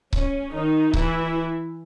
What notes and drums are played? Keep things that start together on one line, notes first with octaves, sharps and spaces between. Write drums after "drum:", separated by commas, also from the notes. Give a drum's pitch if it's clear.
C#4, drum: kick C#1
D#3 D#4
E3 E4, drum: kick C#1